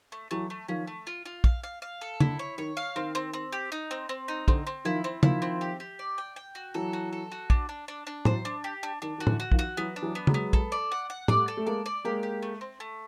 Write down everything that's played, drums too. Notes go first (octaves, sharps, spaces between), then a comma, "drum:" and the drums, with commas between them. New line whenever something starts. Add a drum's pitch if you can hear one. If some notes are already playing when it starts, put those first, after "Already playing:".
A3
E3 F#3 A3
A3
D#3 F3 C#4
A3
F4
F4
F5, drum: kick
F5
F5
A4
D3 E4, drum: tom
C#5
D#3 C#5
F5
D#3 C4
C4
C4
G4
D#4
C4
C4
D#4
D3 C4, drum: kick
C4
D#3 F3 E4
C4
D#3 F3 E4, drum: tom
C4
G4
G4
D5
G5
G5
F#4
E3 F#3 A4
F#4
A4
F#4
D4, drum: kick
D4
D4
D4
E3 F#3 C5, drum: tom
D4
G4
D4
D#3 D4
D#3 F#4
D3 E3, drum: tom
F#4
D#3 F3, drum: kick
F#4
E3 F#3 B3
D4
E3 F#3
B3
F#3 G#3, drum: tom
B3
A4, drum: kick
D5
F#5
F#5
G3 A3 D5, drum: tom
A4
A3
G#3 A#3 D5
D5
G#3 A#3 G4
G4
A3
C4
A3